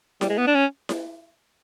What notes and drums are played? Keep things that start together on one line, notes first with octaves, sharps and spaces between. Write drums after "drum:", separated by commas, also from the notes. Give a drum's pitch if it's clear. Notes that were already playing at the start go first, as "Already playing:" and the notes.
G3, drum: snare E4
G#3
B3
D4
C#4
drum: snare E4